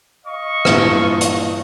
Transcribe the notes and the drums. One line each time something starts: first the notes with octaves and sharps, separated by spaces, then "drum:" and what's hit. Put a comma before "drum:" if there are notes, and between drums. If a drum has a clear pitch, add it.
D#5 F5 C#6
G2 A#2 E3, drum: rim click
drum: hi-hat